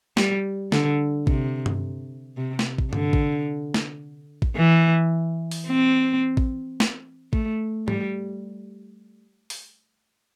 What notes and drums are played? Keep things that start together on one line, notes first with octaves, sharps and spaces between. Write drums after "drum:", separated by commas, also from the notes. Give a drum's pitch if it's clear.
G3, drum: snare
D3, drum: snare
C3, drum: kick A1
drum: tom G2
C3
drum: snare
drum: kick A1
D3, drum: tom G2
drum: kick A1
drum: snare
drum: kick A1
E3
drum: open hi-hat
C4
drum: kick A1
drum: snare
A3, drum: kick A1
G3, drum: tom G#2
drum: open hi-hat